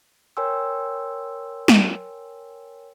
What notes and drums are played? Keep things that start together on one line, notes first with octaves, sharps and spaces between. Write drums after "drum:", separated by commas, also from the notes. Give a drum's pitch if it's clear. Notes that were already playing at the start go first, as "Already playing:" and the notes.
A#4 C#5 G5 G#5 C6 E6
drum: snare